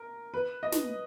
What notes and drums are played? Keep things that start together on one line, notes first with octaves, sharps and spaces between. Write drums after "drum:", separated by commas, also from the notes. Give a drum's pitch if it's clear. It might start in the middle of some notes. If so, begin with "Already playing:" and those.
Already playing: A#4
B4
D#5
drum: snare